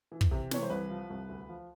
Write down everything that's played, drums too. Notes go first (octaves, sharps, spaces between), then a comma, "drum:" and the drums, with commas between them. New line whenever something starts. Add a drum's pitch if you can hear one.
E3
drum: kick
C3
E3 C#5, drum: snare
C5
C2 B4
F3
C2
D2
F3